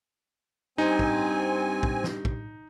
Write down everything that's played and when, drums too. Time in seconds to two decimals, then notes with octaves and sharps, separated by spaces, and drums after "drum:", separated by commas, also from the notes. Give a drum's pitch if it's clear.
0.78 G2 C4 D#4 G#5
0.99 drum: kick
1.83 drum: kick
2.04 drum: snare
2.25 drum: kick